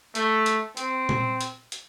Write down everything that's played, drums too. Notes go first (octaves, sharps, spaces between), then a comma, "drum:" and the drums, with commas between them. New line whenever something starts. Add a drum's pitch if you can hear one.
A3, drum: hi-hat
drum: hi-hat
C4, drum: hi-hat
drum: tom A#2
drum: hi-hat
drum: hi-hat